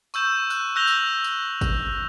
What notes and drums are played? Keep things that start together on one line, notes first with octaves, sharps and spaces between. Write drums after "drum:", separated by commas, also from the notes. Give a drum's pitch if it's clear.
C#6 E6 G6 E7, drum: tambourine
F#6, drum: tambourine
E6 F#6 G6 A#6 F7 G7
drum: tambourine
drum: tambourine
drum: kick G#1, tambourine